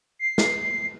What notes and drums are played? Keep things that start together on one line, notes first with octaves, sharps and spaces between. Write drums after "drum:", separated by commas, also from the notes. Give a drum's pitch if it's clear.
C7
drum: snare